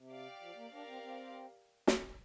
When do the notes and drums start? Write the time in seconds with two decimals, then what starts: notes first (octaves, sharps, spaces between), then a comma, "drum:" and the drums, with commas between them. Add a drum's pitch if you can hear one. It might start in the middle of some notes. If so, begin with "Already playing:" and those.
Already playing: C3
0.09 G4 D5 F5
0.40 F3
0.56 A#3
0.71 D4 G4 A#4 D5 F5
0.87 C4
1.02 C4
1.87 drum: snare